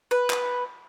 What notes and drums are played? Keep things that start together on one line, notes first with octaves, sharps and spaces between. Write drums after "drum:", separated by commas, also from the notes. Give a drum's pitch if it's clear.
B4
drum: clap